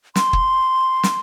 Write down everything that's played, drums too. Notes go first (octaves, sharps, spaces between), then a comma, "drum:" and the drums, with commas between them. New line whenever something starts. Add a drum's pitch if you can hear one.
C6, drum: snare
drum: kick
drum: snare